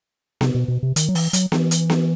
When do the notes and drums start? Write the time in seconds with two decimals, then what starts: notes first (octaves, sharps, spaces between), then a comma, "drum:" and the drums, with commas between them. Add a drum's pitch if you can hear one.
0.41 C3, drum: snare B3
0.55 B2
0.68 B2
0.83 C3
0.96 D#3, drum: hi-hat
1.09 F#3
1.15 E3, drum: open hi-hat
1.33 F#3, drum: hi-hat
1.52 E3, drum: snare B3
1.71 drum: hi-hat
1.90 drum: snare B3